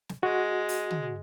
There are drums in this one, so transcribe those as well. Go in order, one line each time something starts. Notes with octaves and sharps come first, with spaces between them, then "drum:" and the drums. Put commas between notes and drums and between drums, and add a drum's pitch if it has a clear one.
drum: snare
G#3 F#4
drum: open hi-hat
drum: tom